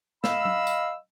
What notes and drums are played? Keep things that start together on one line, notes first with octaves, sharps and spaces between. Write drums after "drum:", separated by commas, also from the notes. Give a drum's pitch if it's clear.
D#5 F5 B5 E6, drum: snare
drum: tom F#3
drum: tambourine